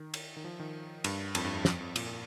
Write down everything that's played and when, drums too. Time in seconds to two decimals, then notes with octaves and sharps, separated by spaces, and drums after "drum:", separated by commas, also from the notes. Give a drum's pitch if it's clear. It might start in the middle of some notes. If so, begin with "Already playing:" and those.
Already playing: D#3
0.14 drum: cymbal
0.37 D#3
0.44 F3
0.60 D#3
1.04 G2, drum: cymbal
1.35 F2, drum: cymbal
1.44 G2
1.54 F2
1.65 F2, drum: snare
1.81 F2
1.96 A#2, drum: cymbal